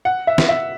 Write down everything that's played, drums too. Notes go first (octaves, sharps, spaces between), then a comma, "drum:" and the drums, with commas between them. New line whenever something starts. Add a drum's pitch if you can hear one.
F#5
E5
drum: snare
E5